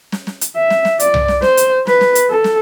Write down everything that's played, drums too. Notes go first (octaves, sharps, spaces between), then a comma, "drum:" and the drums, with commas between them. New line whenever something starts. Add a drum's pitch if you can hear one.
drum: snare
drum: snare
drum: hi-hat
E5
drum: snare
drum: snare
D5, drum: hi-hat
drum: tom C2
drum: snare
C5, drum: snare
drum: hi-hat
B4, drum: snare
drum: snare
drum: hi-hat
A4
drum: snare